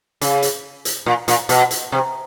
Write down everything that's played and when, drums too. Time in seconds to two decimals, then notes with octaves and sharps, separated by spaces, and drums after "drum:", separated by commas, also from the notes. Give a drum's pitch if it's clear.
0.21 C#3, drum: hi-hat
0.42 drum: hi-hat
0.85 drum: hi-hat
1.06 A#2
1.28 A#2, drum: hi-hat
1.49 B2, drum: hi-hat
1.71 drum: hi-hat
1.92 C3